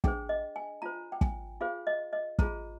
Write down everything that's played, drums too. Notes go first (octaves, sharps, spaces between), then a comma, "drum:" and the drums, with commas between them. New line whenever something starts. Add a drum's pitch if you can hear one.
D4 G#4 C5 G5, drum: kick
D#5
G#5
F4 C5 A#5
G5
G#5, drum: kick
F4 G#4 C5 F5
D#5
D#5
F4 G#4 C5 A#5, drum: kick